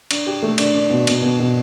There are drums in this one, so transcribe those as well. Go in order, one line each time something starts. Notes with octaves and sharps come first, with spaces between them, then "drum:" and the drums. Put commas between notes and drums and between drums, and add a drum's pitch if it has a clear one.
D4, drum: cymbal
G4
A3
D4, drum: cymbal
D4
B2
B2, drum: cymbal
B2
B2